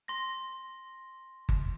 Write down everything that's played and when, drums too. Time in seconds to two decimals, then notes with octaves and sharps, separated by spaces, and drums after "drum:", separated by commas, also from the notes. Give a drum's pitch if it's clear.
0.08 C6 A#6
1.49 drum: kick G1